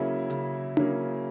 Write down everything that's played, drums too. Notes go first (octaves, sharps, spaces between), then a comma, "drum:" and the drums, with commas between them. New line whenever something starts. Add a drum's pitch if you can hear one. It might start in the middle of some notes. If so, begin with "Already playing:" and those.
Already playing: C#3 F#3 A#3 C#4 E4 G#4
C#3, drum: hi-hat
F#3 A#3 C#4 E4, drum: tom D4